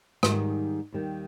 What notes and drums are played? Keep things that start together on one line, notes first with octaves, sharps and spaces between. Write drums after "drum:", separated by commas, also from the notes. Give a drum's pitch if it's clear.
G#2 D#3 G3, drum: rim click
D#2 D#3 G3